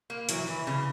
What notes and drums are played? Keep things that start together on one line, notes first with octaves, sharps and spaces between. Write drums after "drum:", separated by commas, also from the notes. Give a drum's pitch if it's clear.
A#3
E3 F#3, drum: hi-hat
E3
C#3